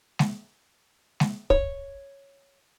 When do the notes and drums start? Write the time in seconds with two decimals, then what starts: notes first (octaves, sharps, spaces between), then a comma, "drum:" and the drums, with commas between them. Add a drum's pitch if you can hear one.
0.19 drum: snare G#3
1.20 drum: snare G#3
1.50 C#5, drum: kick